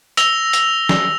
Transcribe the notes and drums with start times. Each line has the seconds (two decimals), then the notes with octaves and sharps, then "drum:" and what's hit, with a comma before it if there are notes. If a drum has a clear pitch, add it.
0.17 E6 A#6 F7 G7, drum: hi-hat
0.53 drum: hi-hat
0.89 drum: snare